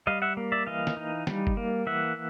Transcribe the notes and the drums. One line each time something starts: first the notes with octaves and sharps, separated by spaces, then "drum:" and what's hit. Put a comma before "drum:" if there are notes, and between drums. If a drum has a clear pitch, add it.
G3 D#5 F5
E5 F#5
A#3
D5 E5
E3 D#5 F5
drum: snare
D#4
G3, drum: snare
drum: kick F#1
A#3
E3 E5 F#5